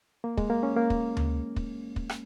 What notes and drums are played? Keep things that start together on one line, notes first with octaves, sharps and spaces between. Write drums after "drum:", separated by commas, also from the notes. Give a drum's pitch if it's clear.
A#3
G#3, drum: kick
A#3
C#4
A#3
drum: kick
drum: tom D2
drum: kick
drum: kick
drum: rim click